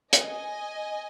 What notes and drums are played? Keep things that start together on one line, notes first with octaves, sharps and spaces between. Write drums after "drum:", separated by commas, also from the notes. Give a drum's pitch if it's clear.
D#5 G#5, drum: hi-hat